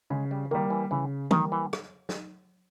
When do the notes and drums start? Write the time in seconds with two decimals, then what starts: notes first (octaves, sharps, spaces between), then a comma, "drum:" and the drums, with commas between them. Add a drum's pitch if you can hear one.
0.10 C#3 G#3
0.31 G3
0.51 D#3 G3 A#3
0.70 E3
0.91 C#3 E3
1.31 D#3 G3 A#3, drum: tom E3
1.52 E3
1.73 drum: rim click
2.09 drum: snare